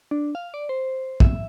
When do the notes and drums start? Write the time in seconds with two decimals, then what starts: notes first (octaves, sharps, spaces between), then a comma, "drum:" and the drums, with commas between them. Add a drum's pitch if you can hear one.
0.11 D4
0.35 F5
0.54 D5
0.69 C5
1.20 E5, drum: kick